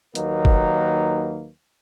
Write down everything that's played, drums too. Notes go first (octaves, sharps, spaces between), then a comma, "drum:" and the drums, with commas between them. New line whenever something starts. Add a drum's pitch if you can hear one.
D#2 D#3 F#3 A#3 D#4 B4, drum: hi-hat
drum: kick